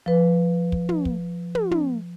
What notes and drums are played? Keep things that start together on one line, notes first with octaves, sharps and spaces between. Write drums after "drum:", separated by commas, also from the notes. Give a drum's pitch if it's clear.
F3 B4
drum: kick
drum: tom
drum: kick
drum: tom
drum: tom